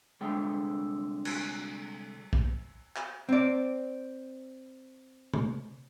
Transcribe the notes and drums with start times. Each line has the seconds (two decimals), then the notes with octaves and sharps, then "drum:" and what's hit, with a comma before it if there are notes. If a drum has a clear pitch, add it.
0.21 C2 D3 G#3 G5
1.25 drum: cymbal
2.33 drum: kick
2.96 drum: clap
3.29 C4 D5
5.34 drum: tom C3